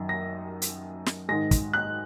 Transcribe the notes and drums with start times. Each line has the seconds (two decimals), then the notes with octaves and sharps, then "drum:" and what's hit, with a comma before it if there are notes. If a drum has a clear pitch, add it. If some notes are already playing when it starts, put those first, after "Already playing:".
Already playing: F#2 D#3
0.09 A#6
0.62 drum: hi-hat
1.06 drum: snare
1.29 G#2 D#3 G#3 A#6
1.51 drum: kick, hi-hat
1.73 F#6